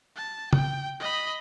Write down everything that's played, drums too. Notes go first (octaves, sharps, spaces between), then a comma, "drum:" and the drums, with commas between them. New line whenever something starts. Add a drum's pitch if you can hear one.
A5
G5, drum: tom
D#5 B5